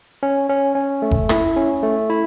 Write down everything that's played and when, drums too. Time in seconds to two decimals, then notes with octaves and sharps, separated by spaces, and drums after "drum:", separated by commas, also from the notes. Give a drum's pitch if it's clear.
0.23 C#4
0.49 C#4
0.75 C#4
1.02 A3
1.11 drum: kick F#1
1.29 E4, drum: rim click
1.56 C#4
1.83 A3
2.10 E4